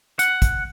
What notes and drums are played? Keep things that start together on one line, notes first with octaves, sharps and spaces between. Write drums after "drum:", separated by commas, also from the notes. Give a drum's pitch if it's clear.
F#5, drum: hi-hat
drum: kick, hi-hat